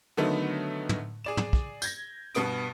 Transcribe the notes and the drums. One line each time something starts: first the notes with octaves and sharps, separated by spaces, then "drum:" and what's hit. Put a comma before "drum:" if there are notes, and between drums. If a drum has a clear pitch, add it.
D3 D#3 F#3 A3 B3 D#4
drum: tom
G#4 D5 E7
drum: tom
drum: kick
G6 G#6 A#6, drum: tambourine
G2 B2 B3 D#6 D7, drum: hi-hat